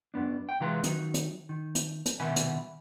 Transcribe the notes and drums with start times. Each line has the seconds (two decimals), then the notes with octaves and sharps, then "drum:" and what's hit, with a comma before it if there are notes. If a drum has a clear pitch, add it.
0.14 F#2 B3 D4
0.49 G5
0.60 C3 E3 G#3 F4 B4 A#5
0.84 D#3 F#3 D#4, drum: hi-hat
1.14 drum: hi-hat
1.49 D#3
1.75 drum: hi-hat
2.06 drum: hi-hat
2.20 C2 B2 D#3 E5 G#5 B5
2.36 drum: hi-hat